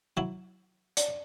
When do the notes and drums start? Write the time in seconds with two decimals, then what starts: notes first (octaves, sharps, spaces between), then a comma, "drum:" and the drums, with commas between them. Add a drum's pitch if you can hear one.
0.17 F#3 E4
0.97 D5, drum: hi-hat